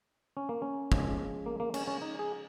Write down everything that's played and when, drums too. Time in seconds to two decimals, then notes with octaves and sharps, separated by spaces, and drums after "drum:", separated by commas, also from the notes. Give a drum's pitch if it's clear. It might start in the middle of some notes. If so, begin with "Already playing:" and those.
0.37 C#4
0.49 A#3
0.62 C#4
0.92 C#3 F3 G#3, drum: kick
1.46 A#3
1.60 A#3
1.74 C#4, drum: cymbal
1.87 C#4
2.02 D#4
2.19 G#4